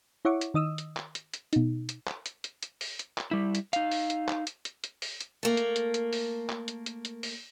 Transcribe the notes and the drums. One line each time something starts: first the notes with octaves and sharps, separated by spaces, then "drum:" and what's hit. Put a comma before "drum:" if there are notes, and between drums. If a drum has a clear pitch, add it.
E4 C#5 E5 F#5 C#6 D6
drum: hi-hat
D#3 D#5 D#6 E6
drum: hi-hat
drum: clap
drum: hi-hat
drum: hi-hat
B2 D#4, drum: hi-hat
drum: hi-hat
drum: clap
drum: hi-hat
drum: hi-hat
drum: hi-hat
drum: open hi-hat
drum: hi-hat
drum: clap
G3 E4
drum: hi-hat
D#4 F5, drum: hi-hat
drum: open hi-hat
drum: hi-hat
drum: clap
drum: hi-hat
drum: hi-hat
drum: hi-hat
drum: open hi-hat
drum: hi-hat
A3 A#3
drum: hi-hat
drum: hi-hat
drum: hi-hat
drum: open hi-hat
drum: clap
drum: hi-hat
drum: hi-hat
drum: hi-hat
drum: open hi-hat